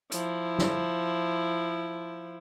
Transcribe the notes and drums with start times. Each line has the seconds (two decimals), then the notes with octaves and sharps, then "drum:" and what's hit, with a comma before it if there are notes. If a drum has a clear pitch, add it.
0.12 F3 E4, drum: hi-hat
0.59 drum: snare